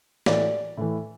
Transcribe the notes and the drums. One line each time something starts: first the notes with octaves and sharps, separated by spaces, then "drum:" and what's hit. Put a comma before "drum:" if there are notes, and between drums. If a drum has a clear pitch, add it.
A2 E3 D5, drum: snare
A2 E3